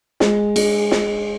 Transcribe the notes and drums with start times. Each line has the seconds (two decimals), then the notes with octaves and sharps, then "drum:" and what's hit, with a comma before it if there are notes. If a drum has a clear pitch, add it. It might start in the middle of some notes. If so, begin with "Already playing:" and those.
0.20 G#3, drum: snare
0.56 G#3, drum: cymbal
0.91 G#3, drum: snare